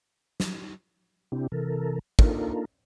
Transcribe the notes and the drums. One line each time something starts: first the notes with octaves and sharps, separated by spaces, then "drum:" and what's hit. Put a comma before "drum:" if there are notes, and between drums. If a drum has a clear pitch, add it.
drum: snare
C3 C4 D4 E4 G4
C3 E3 A4 A#4
A#3 D4 D#4 F4 A4 A#4, drum: kick